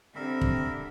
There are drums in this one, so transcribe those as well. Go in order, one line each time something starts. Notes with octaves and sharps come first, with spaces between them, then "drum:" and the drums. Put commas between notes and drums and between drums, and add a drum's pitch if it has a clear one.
D3 G3 C4 A#4 E5 B5
drum: kick